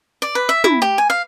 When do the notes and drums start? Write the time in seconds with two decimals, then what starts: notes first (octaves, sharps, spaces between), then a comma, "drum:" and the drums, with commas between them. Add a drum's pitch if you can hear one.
0.22 D5
0.35 B4
0.49 E5
0.64 E4, drum: tom
0.82 G4
0.98 G#5
1.10 F5